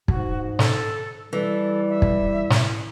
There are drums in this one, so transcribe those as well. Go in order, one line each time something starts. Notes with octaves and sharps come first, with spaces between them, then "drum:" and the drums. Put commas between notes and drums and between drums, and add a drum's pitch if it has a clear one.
G#2 F#4, drum: kick
A4, drum: snare
E3 G3 A4
E5
drum: kick
drum: snare